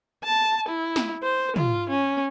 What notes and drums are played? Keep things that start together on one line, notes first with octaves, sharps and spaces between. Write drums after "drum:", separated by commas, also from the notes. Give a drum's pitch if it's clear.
A5
E4
drum: snare
C5
F4, drum: tom
C#4